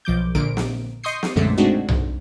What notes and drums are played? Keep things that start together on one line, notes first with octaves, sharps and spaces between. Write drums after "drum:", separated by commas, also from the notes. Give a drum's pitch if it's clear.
B1 F3 D6 G6
A#1 A#2 D3 A#4 D7
drum: snare
D#5 C6 C#6 D#6 G6 C7
drum: snare
B1 F#2 A#2 D3 G#3 A3
G#3 A3 C4 D4 D#4 F#4
drum: tom B1